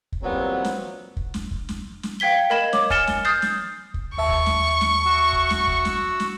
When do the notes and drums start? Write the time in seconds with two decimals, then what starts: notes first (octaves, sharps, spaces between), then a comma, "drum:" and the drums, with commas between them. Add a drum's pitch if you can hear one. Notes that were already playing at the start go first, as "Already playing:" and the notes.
0.12 drum: kick
0.22 A#2 E3 F#3 G3 B3 C4
0.64 drum: snare
1.17 drum: kick
1.34 drum: snare
1.51 drum: kick
1.69 drum: snare
2.03 drum: snare
2.20 F5 G5 G#6 B6 G7
2.50 A#4 D#5 B5 G#6 E7
2.73 C#5 D6, drum: snare
2.90 G#5 F6 A6 C#7 E7 G7, drum: kick
3.07 drum: snare
3.25 D#6 F6 G6 A6 C7
3.42 drum: snare
3.94 drum: kick
4.18 D#2 E5 A5 C#6
4.29 drum: kick
4.46 drum: snare
4.81 drum: snare
5.06 F#4 F#5 E6
5.33 drum: kick
5.50 drum: snare
5.68 drum: kick
5.85 drum: snare
6.20 drum: snare